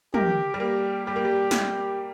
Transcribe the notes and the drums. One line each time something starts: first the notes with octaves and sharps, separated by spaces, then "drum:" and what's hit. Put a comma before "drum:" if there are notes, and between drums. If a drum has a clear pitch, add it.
G4 A#4, drum: tom
G3
A#3 G4
G3 G4
A#3
G3
drum: snare